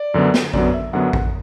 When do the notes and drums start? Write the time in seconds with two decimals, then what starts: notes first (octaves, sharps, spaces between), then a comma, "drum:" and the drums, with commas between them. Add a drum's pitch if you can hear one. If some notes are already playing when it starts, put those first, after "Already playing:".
Already playing: D5
0.14 F#2 D3 F#3 B3
0.34 drum: snare
0.54 F#2 D3 F#3 B3 D5, drum: kick A1
0.74 E5
0.93 F#2 D3 F#3 B3 F#5
1.13 drum: kick A1